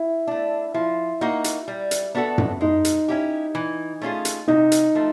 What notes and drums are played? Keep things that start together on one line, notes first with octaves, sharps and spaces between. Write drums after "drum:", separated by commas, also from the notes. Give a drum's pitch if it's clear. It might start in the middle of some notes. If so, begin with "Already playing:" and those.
Already playing: E4
A3 D4
F3 E4
A#3 D#4 F#4
drum: hi-hat
G3
drum: hi-hat
B3 D4 F#4 A4
drum: tom F#2
G#3 D#4
drum: hi-hat
C#4 E4 G4
E3
A3 C#4 F4 G#4
drum: hi-hat
C3 D#4
drum: hi-hat
F3 A3